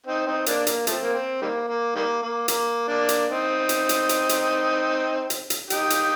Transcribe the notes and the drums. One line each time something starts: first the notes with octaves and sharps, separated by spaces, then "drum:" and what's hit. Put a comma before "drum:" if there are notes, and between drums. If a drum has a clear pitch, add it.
C4 D#4
C4 D#4
A#3 D4, drum: hi-hat
A#3, drum: hi-hat
F3 A3 C4, drum: hi-hat
A#3
C4
D#3 G3 A#3
A#3
D#3 G3 A#3
A#3
A#3, drum: hi-hat
A#3 D4
drum: hi-hat
C4 D#4
drum: hi-hat
drum: hi-hat
drum: hi-hat
drum: hi-hat
drum: hi-hat
drum: hi-hat
D#4 G4, drum: hi-hat
drum: hi-hat